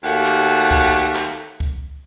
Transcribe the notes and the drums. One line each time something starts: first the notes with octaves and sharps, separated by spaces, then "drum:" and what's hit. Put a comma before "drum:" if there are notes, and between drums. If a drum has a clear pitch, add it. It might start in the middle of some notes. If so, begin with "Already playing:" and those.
D#2 A3 A#3 F#4 G4
drum: clap
drum: kick, hi-hat
drum: clap
drum: kick